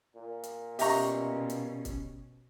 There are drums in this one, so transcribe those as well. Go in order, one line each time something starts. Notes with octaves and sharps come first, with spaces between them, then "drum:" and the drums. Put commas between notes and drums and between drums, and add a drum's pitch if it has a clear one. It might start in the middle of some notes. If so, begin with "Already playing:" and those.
A#2
drum: hi-hat
B2 C#4 G4 D#5 E5 A#5 C#6, drum: open hi-hat
drum: hi-hat
drum: kick C#1, hi-hat